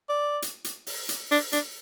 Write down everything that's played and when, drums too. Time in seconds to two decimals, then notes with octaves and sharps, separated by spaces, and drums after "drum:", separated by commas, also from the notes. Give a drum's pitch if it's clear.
0.09 D5
0.42 drum: hi-hat
0.64 drum: hi-hat
0.87 drum: open hi-hat
1.09 drum: hi-hat
1.31 D4, drum: open hi-hat
1.53 D4, drum: hi-hat